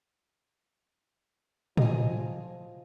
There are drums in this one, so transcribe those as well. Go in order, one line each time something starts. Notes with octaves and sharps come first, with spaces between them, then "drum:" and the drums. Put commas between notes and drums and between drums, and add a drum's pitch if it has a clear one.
F3 D#5 G#5, drum: tom A2